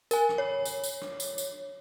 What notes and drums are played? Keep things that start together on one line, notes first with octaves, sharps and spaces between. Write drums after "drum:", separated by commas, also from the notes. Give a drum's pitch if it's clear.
A#4 G#5, drum: tambourine
drum: rim click
C#5
drum: tambourine
drum: tambourine
drum: rim click
drum: tambourine
drum: tambourine